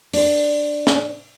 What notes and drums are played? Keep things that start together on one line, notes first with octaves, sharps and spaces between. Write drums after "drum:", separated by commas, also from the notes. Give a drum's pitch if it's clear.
D4 C5, drum: open hi-hat
drum: snare